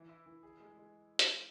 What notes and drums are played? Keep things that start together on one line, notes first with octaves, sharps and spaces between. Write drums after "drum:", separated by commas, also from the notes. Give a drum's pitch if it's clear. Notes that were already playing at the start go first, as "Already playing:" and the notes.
Already playing: E3
E4
E3
G#4
G#3
G#3
drum: hi-hat